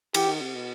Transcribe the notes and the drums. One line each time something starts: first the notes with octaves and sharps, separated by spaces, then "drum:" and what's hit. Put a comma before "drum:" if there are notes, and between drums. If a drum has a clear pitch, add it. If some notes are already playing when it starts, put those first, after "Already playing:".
E3 G4, drum: cymbal
D#3
C3
B2